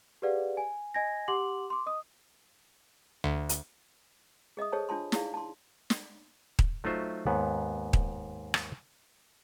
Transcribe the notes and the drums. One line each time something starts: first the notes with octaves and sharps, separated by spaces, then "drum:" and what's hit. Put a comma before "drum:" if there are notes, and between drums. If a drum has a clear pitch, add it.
G4 G#4 B4 D5 F5 F#5
G#5
D#5 G#5 G#6 A#6
G4 F#5 C6 D6 F#7
C6 D6
D#5 D#6
D2
drum: hi-hat
G#4 D#5 E5 D#6
G#4 A4 C5 C#5 D#5 A5
D4 F4 A5 C6
D#4 E4 G#4 D5 F5, drum: snare
A5 C6
drum: snare
drum: kick D#1
F#3 A3 D#4 F4 C5 E5
D#2 G#2 B3
drum: kick D#1
drum: rim click